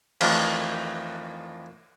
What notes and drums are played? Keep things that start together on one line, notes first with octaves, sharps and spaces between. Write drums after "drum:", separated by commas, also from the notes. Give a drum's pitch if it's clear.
F2 D#3 E3 A3 D4, drum: cymbal